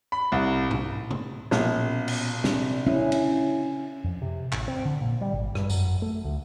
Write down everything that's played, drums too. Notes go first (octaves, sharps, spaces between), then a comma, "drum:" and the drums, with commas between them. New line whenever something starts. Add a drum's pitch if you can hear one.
B5
C2
drum: tom G#2
drum: tom C3
A#1 B2 C#4, drum: snare
drum: cymbal
C3 D4, drum: snare
C#4 E4
drum: cymbal
F2
C3
A1, drum: clap
C4
D3
A#2
G3
G#1
G2, drum: rim click
F#2, drum: tambourine
A3
D2